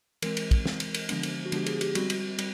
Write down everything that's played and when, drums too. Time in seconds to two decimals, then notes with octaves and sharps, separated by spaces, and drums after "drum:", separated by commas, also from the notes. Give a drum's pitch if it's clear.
0.22 E3 G#3 C4 A#4, drum: cymbal
0.37 drum: cymbal
0.51 drum: kick, cymbal
0.66 E3 G#3 C4, drum: snare
0.80 drum: cymbal
0.94 drum: cymbal
1.09 D3 F3 G#3 B3 D4, drum: cymbal
1.23 drum: cymbal
1.46 F#4
1.52 D3 F3 G#3 B3 D4 G4, drum: cymbal
1.66 G#4, drum: cymbal
1.81 G4, drum: cymbal
1.95 G3 C4 F#4, drum: cymbal
2.10 drum: cymbal
2.39 G3, drum: cymbal